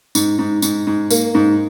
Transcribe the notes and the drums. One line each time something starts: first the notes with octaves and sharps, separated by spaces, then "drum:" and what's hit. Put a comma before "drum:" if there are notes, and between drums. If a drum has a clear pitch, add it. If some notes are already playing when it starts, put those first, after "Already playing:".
G#2, drum: tambourine
G#2
G#2, drum: tambourine
G#2
A#3, drum: tambourine
G#2